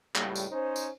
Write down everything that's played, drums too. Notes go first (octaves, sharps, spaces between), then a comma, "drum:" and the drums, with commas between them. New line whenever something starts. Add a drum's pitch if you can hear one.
C#2 A2 G3, drum: clap
drum: tambourine
C#4 D#4 C5
drum: tambourine